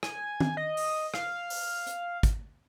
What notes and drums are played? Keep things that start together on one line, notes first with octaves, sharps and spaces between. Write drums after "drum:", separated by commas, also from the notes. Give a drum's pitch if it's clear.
G#5, drum: rim click
drum: tom
D#5
drum: open hi-hat
F5, drum: rim click
drum: open hi-hat
drum: hi-hat
drum: kick, hi-hat